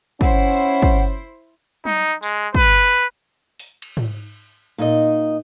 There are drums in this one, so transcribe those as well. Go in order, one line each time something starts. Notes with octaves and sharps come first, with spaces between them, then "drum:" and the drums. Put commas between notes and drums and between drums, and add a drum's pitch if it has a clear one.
C#4 E4 C5 F#5, drum: kick
drum: kick
D#4, drum: tom F#3
G#3, drum: tambourine
B4, drum: kick
drum: open hi-hat
drum: cymbal
drum: tom G#2
A#2 D#4 D#5